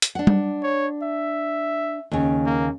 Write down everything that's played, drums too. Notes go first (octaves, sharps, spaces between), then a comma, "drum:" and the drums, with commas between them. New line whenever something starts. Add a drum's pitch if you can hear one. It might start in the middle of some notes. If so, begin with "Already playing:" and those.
drum: hi-hat
D4 F#5
drum: tom G3
C#5
E5
D#2 C#3
A#3